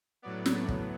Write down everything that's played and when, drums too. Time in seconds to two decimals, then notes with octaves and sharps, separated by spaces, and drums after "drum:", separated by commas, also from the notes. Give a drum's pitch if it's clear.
0.22 A2 F#3 B3 D5
0.46 drum: snare
0.68 drum: kick